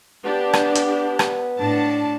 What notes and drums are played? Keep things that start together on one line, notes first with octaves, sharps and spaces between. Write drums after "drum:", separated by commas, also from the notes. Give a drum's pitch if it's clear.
B3 D4 G4
drum: rim click
drum: hi-hat
B3, drum: rim click
A2 D4 A5